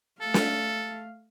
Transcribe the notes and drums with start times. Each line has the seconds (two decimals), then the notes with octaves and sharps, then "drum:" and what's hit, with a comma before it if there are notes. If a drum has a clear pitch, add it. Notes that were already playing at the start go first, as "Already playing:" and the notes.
0.21 A3 A4 F5
0.34 drum: snare